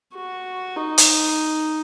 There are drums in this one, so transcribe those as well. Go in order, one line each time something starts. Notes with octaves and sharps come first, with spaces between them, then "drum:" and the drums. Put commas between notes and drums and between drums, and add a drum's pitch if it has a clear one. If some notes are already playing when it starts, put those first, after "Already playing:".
F#4
D#4
drum: hi-hat